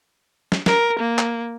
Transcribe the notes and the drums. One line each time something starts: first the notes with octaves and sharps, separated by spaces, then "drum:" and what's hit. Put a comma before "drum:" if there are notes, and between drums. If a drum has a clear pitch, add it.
drum: snare
A#4, drum: snare
A#3
drum: clap